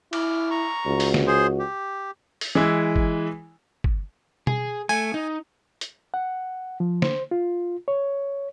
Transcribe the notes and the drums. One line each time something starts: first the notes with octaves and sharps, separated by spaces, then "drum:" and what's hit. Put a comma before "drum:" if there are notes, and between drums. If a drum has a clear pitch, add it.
E4 D6 F6, drum: cymbal
A#5 C#6
C#2 F#4
drum: open hi-hat
drum: snare
G#4 C5 C6
G4
drum: open hi-hat
E3 G#3 E4
drum: kick
drum: kick
G#4, drum: tom B2
A3 G#5
D#4
drum: hi-hat
F#5
F3
C5, drum: snare
F4
C#5